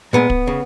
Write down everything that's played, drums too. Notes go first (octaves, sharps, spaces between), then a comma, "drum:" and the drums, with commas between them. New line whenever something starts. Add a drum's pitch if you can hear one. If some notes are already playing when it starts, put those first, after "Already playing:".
A#2 G#3 B3
drum: kick
C#3